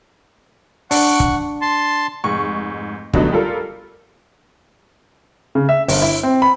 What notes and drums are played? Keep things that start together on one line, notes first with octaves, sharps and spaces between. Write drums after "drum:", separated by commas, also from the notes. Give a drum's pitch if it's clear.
D4 F#5 C#6, drum: open hi-hat
drum: kick
A5 C6
F1 G#2 C#6
D3 F#3 G3 A3 B3 D#4, drum: kick
G3 F4 A4 A#4
C#3
E5
G1, drum: open hi-hat
E4
C4
B5